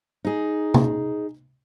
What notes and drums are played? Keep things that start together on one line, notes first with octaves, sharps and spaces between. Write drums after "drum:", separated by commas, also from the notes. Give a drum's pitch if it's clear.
D#4 G#4
drum: tom C3